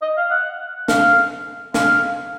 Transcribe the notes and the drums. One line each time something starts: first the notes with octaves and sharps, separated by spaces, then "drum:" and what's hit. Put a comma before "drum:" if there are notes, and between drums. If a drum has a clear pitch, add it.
D#5
F5
F#5
F5, drum: snare
F5, drum: snare